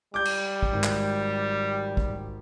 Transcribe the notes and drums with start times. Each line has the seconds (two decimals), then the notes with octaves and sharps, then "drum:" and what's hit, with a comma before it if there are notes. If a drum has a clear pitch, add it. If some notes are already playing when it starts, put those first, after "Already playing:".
0.14 G3 D6 G6
0.25 drum: cymbal
0.63 drum: kick
0.72 G#1
0.84 drum: clap
1.97 drum: kick